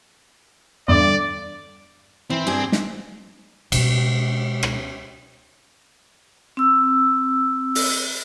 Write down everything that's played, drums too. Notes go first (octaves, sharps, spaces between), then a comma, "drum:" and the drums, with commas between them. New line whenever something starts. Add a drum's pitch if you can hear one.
E2 G2 D3 D5
E3 C4
G2 G#4
drum: snare
B2 G#3, drum: cymbal
drum: rim click
C4 E6
drum: open hi-hat